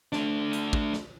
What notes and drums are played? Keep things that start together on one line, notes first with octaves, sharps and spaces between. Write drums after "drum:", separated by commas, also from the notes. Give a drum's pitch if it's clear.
A3 D4, drum: snare
drum: hi-hat
drum: kick
drum: snare